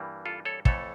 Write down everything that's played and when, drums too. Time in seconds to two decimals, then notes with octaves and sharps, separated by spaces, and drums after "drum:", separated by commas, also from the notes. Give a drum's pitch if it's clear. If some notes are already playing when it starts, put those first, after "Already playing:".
Already playing: G2 E3 G3 A#3
0.26 F4 A4
0.45 A4 C#5
0.65 F2 E3 A3 A4 C#5, drum: kick